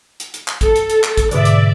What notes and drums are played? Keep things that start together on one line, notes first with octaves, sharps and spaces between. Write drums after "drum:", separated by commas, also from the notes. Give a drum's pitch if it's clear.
drum: hi-hat
drum: hi-hat
drum: clap
A4, drum: kick, hi-hat
drum: hi-hat
drum: hi-hat
drum: clap
drum: kick, hi-hat
G#2 B2 D3 D5 E5, drum: hi-hat
drum: hi-hat